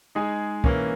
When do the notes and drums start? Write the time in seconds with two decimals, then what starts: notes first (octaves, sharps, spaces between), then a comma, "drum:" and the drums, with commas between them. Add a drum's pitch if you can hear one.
0.15 G#3 D#4 G#4
0.64 E3 A#3 C#4, drum: kick